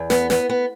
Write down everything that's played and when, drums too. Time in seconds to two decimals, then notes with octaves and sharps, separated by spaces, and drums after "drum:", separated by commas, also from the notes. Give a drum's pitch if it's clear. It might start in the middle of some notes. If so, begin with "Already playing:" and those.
Already playing: E2
0.10 B3, drum: snare
0.30 B3, drum: snare
0.50 B3